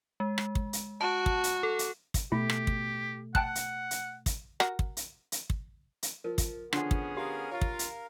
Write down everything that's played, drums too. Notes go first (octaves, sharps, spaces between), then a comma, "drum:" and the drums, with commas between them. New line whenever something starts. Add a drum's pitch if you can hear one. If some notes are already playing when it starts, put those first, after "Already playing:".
G#3
drum: rim click
drum: kick
drum: hi-hat
F#4 A5
drum: kick
drum: hi-hat
A4
drum: hi-hat
drum: kick, hi-hat
B2 A3 E4 G4
drum: rim click
drum: kick
F#5 G5 A5 F#6, drum: kick
drum: hi-hat
drum: hi-hat
drum: kick, hi-hat
F#4 A#4, drum: rim click
drum: kick
drum: hi-hat
drum: hi-hat
drum: kick
drum: hi-hat
F3 A#4
drum: kick, hi-hat
D3 F3 B3 C#4 D4 G#4 F#5 C6, drum: rim click
drum: kick
G4 A#4 F5 D#6
F4 C#5
drum: kick
drum: hi-hat